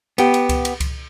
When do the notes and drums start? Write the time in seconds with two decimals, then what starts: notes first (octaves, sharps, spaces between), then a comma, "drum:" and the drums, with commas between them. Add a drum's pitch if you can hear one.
0.18 B3 G4, drum: cymbal
0.34 drum: cymbal
0.49 drum: kick C#2, cymbal
0.65 drum: cymbal
0.80 drum: kick C#2, cymbal